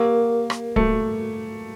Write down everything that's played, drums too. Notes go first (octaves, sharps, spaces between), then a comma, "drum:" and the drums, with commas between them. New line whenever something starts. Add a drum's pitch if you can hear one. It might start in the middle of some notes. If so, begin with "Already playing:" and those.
Already playing: A#3 G4 A#4 F#5
drum: rim click
A3, drum: kick D1